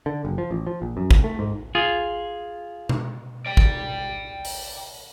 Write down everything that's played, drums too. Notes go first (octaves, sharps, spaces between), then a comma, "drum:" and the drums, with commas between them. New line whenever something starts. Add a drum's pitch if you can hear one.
D3
F#1
F3
A1
F3
A#1
F#2
C2, drum: kick
A3
G#2
F4 G#4
drum: tom B2
D5 G5
drum: kick
drum: open hi-hat